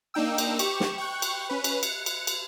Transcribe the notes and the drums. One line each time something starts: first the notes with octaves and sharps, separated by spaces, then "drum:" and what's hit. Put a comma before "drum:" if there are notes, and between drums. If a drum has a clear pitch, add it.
A#3 D4 D#4 G5 E6
drum: cymbal
G4 C#6 E7, drum: cymbal
drum: snare
G5 C#6 F#6
drum: cymbal
C#4 B4
drum: cymbal
F#6 C#7, drum: cymbal
drum: cymbal
drum: cymbal